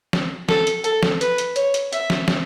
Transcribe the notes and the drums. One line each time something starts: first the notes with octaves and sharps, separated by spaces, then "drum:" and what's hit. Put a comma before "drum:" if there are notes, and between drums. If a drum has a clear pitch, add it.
drum: snare
A4, drum: snare
drum: hi-hat
A4, drum: hi-hat
drum: snare
B4, drum: hi-hat
drum: hi-hat
C#5, drum: hi-hat
drum: hi-hat
E5, drum: hi-hat
drum: snare
drum: snare